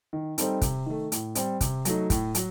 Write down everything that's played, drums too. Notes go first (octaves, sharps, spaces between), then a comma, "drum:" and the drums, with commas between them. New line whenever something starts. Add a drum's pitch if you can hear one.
D#3
G3 C4 D#4 A4, drum: hi-hat
C3, drum: kick, hi-hat
D#3 A3
A2, drum: hi-hat
G3 C4, drum: hi-hat
C3, drum: kick, hi-hat
F#3 A3 D#4, drum: hi-hat
A2, drum: kick, hi-hat
F#3, drum: hi-hat